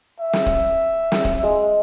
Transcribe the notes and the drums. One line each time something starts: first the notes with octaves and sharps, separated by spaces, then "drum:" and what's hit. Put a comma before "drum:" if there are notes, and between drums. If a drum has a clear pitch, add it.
E5
drum: snare
drum: kick
drum: snare
drum: kick
G#3